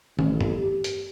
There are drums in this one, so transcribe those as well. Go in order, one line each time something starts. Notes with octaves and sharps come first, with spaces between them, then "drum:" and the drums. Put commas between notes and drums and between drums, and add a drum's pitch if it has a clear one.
A1, drum: tom
drum: tom G2
G4
drum: hi-hat